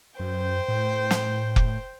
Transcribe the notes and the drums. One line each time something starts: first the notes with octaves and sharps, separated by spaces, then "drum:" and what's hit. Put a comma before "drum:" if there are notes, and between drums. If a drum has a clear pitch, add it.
F#2 C5 G5
A2
drum: snare
drum: kick F1